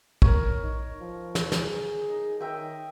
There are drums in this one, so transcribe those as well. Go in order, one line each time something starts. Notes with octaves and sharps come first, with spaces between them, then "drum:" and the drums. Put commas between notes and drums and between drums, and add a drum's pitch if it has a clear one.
A#4 C#5, drum: kick
D#4
F3
drum: snare
G#4, drum: snare
D#4
D#3 D#5 E5 G5